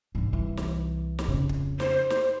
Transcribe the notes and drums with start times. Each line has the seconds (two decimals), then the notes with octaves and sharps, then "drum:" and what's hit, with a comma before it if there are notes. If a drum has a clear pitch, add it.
0.15 G#2 D3
0.32 C2 E3
0.57 drum: snare
1.19 drum: snare
1.28 F2 C#3
1.49 drum: kick
1.80 C5, drum: snare
2.10 drum: snare